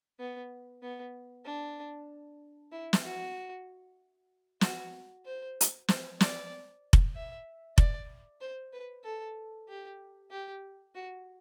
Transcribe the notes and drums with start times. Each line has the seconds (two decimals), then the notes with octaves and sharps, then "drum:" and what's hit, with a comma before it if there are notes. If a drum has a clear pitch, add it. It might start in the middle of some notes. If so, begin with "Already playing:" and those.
0.19 B3
0.82 B3
1.45 D4
2.72 E4
2.93 drum: snare
3.04 F#4
4.61 F#4, drum: snare
5.25 C5
5.61 drum: hi-hat
5.88 C5, drum: snare
6.21 D5, drum: snare
6.93 drum: kick F1
7.15 E5
7.78 D5, drum: kick F1
8.41 C5
8.73 B4
9.04 A4
9.68 G4
10.31 G4
10.95 F#4